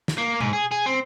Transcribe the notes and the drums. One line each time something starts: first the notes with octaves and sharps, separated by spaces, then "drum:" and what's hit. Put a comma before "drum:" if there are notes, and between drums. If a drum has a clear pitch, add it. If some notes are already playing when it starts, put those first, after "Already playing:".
drum: snare
A#3
G#2, drum: tom B2
G#4
G#4
C4